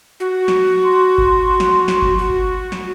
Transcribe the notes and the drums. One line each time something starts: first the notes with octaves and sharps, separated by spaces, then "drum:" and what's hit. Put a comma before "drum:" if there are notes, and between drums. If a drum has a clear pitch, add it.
F#4
drum: snare
C6
drum: kick G1
drum: snare
drum: snare
drum: kick G1
F#4
drum: kick G1
drum: snare